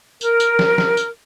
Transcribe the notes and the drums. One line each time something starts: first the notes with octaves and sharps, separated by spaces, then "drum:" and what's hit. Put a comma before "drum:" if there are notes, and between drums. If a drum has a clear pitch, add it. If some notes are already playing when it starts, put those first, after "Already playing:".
A#4, drum: tambourine
drum: tambourine
drum: snare
drum: snare
drum: tambourine